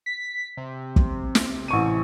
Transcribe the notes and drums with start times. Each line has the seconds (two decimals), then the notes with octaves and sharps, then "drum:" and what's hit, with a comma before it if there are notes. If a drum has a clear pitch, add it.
0.06 B6
0.57 C3
0.96 drum: kick
1.35 drum: snare
1.68 A1 C#6 D#7